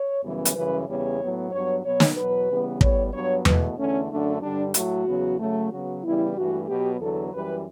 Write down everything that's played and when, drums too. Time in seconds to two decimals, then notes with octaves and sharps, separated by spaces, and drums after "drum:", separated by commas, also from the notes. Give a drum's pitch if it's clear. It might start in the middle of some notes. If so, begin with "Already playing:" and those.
Already playing: C#5
0.23 F#2 C#3 E3 G3 B3
0.45 drum: hi-hat
0.55 F#2 C#3 E3 G3 B4
0.87 E2 C#3 G3 B3 C#5
1.20 A2 F#3 B3
1.52 G2 F#3 B3 C#5
1.84 B2 F#3 B3 C#5
2.00 drum: snare
2.17 E2 B2 F#3 B4
2.48 C#3 E3 G3 B3
2.81 A2 G3 B3 C#5, drum: kick
3.13 G2 F#3 B3 C#5
3.45 E2 B2 A3 B4, drum: tom E2
3.78 E2 D3 A3 C#4
4.10 F#2 D3 A3 D4
4.42 G2 D3 G3 D4
4.74 A2 F#3 A3 F#4, drum: hi-hat
5.06 E2 C#3 F#3 B3
5.39 C#3 F#3 A3
5.71 C#3 F#3 B3 F#4
6.03 C#3 E3 G3 B3 E4
6.36 G2 E3 A3 F#4
6.68 B2 F#3 B3 G4
7.00 E2 D3 F#3 B3 A4
7.32 F#2 E3 G3 B4